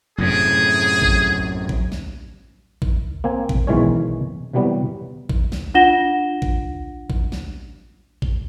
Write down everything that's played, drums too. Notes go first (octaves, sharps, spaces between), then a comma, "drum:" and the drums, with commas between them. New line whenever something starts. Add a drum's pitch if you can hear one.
F#2 A2 C3 G#4
drum: kick A1
drum: kick A1
drum: snare
drum: kick A1
A#3 C4 G#5
drum: kick A1
B1 D#3 E3 G#3 C#4 C#5
C3 E3 F#3 G3 B3
drum: kick A1
drum: snare
D4 F4 F#5 A#6 E7 G7
drum: kick A1
drum: kick A1
drum: snare
drum: kick A1